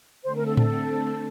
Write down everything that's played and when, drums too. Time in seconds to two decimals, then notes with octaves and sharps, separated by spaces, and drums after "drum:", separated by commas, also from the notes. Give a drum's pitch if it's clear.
0.24 D3 A3 C4 C5
0.35 A#4
0.46 A4
0.57 A4, drum: tom A2